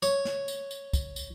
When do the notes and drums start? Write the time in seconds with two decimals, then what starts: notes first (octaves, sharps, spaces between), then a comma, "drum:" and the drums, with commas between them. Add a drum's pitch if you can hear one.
0.02 C#5, drum: tambourine
0.25 drum: snare
0.48 drum: tambourine
0.71 drum: tambourine
0.93 drum: kick, tambourine
1.16 drum: tambourine